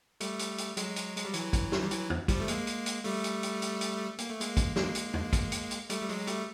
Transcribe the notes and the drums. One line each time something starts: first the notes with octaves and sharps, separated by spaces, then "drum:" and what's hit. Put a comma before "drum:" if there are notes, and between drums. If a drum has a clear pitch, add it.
G3 A3, drum: hi-hat
drum: hi-hat
drum: hi-hat
F#3 G#3, drum: hi-hat
drum: hi-hat
G#3, drum: hi-hat
G3
E3 F#3, drum: hi-hat
drum: kick, hi-hat
drum: snare
G3
E3 F#3, drum: hi-hat
drum: tom
F3 G3, drum: kick, hi-hat
A3
G#3 A#3, drum: hi-hat
drum: hi-hat
drum: hi-hat
G3 A3, drum: open hi-hat
drum: hi-hat
drum: hi-hat
drum: hi-hat
drum: hi-hat
A#3, drum: hi-hat
A3
G#3 A#3, drum: hi-hat
drum: kick, hi-hat
G#3 A#3, drum: snare
drum: hi-hat
drum: tom
drum: kick, hi-hat
drum: hi-hat
drum: hi-hat
G3 A3, drum: hi-hat
G3
F#3 G#3, drum: open hi-hat
G3 A3, drum: hi-hat